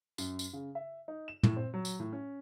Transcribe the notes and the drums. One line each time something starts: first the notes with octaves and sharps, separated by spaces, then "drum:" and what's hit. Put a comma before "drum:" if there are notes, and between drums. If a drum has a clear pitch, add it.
F#2, drum: tambourine
drum: tambourine
C#3
E5
D#4
E7
A2, drum: tom
C4
F#3
drum: tambourine
A2
C#4